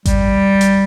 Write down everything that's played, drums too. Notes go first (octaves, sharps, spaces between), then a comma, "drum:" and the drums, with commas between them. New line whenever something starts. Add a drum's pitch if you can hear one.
G3, drum: kick G#1, hi-hat
drum: hi-hat